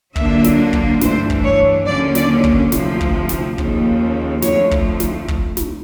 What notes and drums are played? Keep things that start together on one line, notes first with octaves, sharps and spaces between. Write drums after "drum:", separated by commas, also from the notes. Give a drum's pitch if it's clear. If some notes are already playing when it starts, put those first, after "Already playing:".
D3 F#3 A#3 D4 F4 E5, drum: kick
drum: snare
drum: kick
G2 E3 A3 D4 C5, drum: snare
drum: kick
C#5
D#2 D3 F#3 A#3 C#4 D5
D5, drum: snare
drum: kick
D2 C3 F3, drum: snare
drum: kick
drum: snare
D#2 C#3 F3, drum: kick
F2 D3 F3 A3 C#5, drum: snare
drum: kick
drum: snare
drum: kick
drum: snare